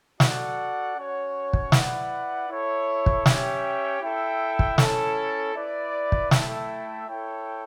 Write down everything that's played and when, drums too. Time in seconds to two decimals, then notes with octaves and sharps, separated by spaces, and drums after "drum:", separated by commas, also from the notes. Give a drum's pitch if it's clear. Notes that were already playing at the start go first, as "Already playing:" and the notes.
0.20 F#4 A4 D5 F#5, drum: snare
0.96 C#4 F#4 C#5
1.53 drum: kick
1.72 E4 B4 D5 F#5, drum: snare
2.49 E4 A4 C#5
3.06 drum: kick
3.26 C#4 G4 C#5 E5 G5, drum: snare
4.02 E4 A4 E5 G5
4.59 drum: kick
4.78 C#4 E4 A4, drum: snare
5.55 E4 B4 D5
6.12 drum: kick
6.31 A3 E4 A4 E5 G5, drum: snare
7.07 E4 A4 C#5 G5